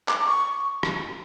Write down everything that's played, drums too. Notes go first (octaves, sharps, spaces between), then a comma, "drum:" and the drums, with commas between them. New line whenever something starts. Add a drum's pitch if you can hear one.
D6, drum: clap
C#6
drum: rim click